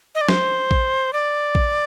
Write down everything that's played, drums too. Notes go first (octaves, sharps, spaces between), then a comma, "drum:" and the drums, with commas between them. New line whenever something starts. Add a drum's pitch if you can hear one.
D#5
D5
C5, drum: snare
drum: kick A#1
D5
drum: kick A#1